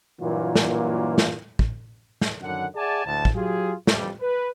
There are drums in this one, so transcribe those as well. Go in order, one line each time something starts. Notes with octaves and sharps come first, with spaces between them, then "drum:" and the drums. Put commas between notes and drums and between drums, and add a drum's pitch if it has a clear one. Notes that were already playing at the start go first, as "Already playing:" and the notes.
G2 A#2 E3 F#3 A#3 F4
drum: snare
drum: snare
drum: kick
drum: snare
F#2 D3 D#3 C#4 F#5
G#4 D5 E5 F#5 G#5 A5
D2 A2 A5
drum: kick
F#3 F4 G4 G#4
A#1 F2 E3 G3, drum: snare
B4